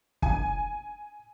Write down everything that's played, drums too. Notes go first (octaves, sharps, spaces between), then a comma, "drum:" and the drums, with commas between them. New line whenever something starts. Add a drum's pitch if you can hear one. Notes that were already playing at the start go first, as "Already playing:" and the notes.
G#5, drum: kick